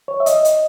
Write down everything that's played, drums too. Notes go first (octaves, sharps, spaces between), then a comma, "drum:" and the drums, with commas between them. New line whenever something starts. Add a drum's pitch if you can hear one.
C#5
E5
D#5, drum: hi-hat
drum: hi-hat